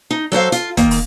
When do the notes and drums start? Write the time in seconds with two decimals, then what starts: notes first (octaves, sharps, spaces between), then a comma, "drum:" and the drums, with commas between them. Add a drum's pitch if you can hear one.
0.11 D#4
0.32 F#3 A4 C5 F5
0.52 F4, drum: hi-hat
0.77 D#3 A#3, drum: kick, hi-hat
0.91 drum: open hi-hat